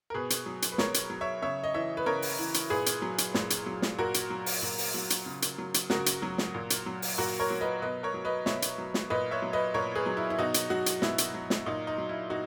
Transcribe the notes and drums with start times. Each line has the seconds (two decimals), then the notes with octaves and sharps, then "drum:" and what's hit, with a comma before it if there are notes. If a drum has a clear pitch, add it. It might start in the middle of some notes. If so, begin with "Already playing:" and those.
0.10 A#4
0.14 B2 G#4 B4
0.30 drum: hi-hat
0.46 F#3
0.62 drum: hi-hat
0.72 B4
0.78 B2 A#4 C#5, drum: snare
0.94 drum: hi-hat
1.10 F#3
1.21 C#5 E5
1.42 C#3 C#5 E5
1.64 D#5
1.74 E3 C#5 E5
1.97 B4
2.06 C#3 A#4 C#5
2.22 drum: open hi-hat
2.38 E3
2.54 drum: hi-hat
2.70 A#2 G#4 B4
2.86 drum: hi-hat
3.02 F#3
3.18 drum: hi-hat
3.34 A#2, drum: snare
3.50 drum: hi-hat
3.66 F#3
3.82 drum: snare
3.98 A#2 F#4 A#4
4.14 drum: hi-hat
4.30 F#3
4.46 drum: open hi-hat
4.62 A#2
4.78 drum: open hi-hat
4.94 F#3
5.10 drum: hi-hat
5.26 C#3
5.42 drum: hi-hat
5.58 F#3
5.74 drum: hi-hat
5.90 C#3 F#4 A#4, drum: snare
6.06 drum: hi-hat
6.22 F#3
6.38 drum: snare
6.54 A#2
6.70 drum: hi-hat
6.86 F#3
7.02 drum: open hi-hat
7.18 A#2 F#4 A#4
7.40 A#4 C#5
7.50 F#3
7.61 B4 D#5
7.82 B2 B4 D#5
8.03 A#4 C#5
8.14 F#3
8.25 B4 D#5
8.46 B2 C#5 E5, drum: snare
8.62 drum: hi-hat
8.78 F#3
8.94 drum: snare
9.10 A#2 B4 D#5
9.31 C#5 E5
9.42 F#3
9.53 B4 D#5
9.74 A#2 A#4 C#5
9.95 G#4 B4
10.06 F#3
10.17 E4
10.30 E4
10.39 B2 D#4 F#4
10.54 drum: hi-hat
10.70 F#3 D#4 F#4
10.86 drum: hi-hat
11.02 B2 E4, drum: snare
11.18 drum: hi-hat
11.34 F#3
11.50 drum: snare
11.66 A#2 D#4
11.87 D#4
11.98 F#3
12.09 E4
12.30 A#2 D#4 F#4